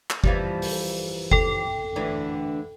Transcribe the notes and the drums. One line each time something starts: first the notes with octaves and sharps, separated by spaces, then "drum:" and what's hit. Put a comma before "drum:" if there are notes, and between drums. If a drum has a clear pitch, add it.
drum: clap
E3 F3 G3, drum: kick F#1
drum: open hi-hat
A4 G5, drum: kick F#1
D2 D3 E3